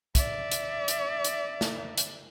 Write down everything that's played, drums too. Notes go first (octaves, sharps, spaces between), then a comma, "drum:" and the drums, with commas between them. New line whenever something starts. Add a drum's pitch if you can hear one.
D5 E5, drum: kick, hi-hat
drum: hi-hat
drum: hi-hat
drum: hi-hat
drum: snare
drum: hi-hat